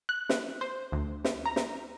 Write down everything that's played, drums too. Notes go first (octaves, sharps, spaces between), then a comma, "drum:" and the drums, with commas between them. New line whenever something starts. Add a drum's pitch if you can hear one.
F#6
drum: snare
C5
D2
drum: snare
A#5
drum: snare